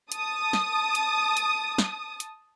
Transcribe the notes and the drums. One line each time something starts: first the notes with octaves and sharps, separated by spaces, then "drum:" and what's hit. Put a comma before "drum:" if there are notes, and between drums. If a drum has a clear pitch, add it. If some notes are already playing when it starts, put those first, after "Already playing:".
A5 D#6, drum: hi-hat
drum: snare
drum: hi-hat
drum: hi-hat
drum: snare
drum: hi-hat